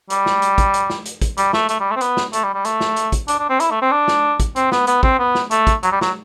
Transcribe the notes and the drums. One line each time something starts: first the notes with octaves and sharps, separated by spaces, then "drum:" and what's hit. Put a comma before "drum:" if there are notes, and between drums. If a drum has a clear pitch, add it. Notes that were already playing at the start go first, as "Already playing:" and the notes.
G3, drum: hi-hat
drum: snare
drum: hi-hat
drum: kick, hi-hat
drum: hi-hat
drum: snare
drum: hi-hat
drum: kick, hi-hat
G3, drum: hi-hat
A3, drum: snare
A3, drum: hi-hat
G3
A3
C4
B3, drum: hi-hat
drum: snare
A3, drum: hi-hat
G3
G3
A3, drum: hi-hat
drum: snare
drum: hi-hat
drum: kick, hi-hat
D4, drum: hi-hat
D4
C4
E4, drum: hi-hat
A3
C4
D4
drum: snare
drum: kick, hi-hat
C4, drum: hi-hat
B3, drum: snare
B3, drum: hi-hat
C4, drum: kick
B3
drum: snare
A3, drum: hi-hat
drum: kick, hi-hat
F#3, drum: hi-hat
G3
F#3, drum: snare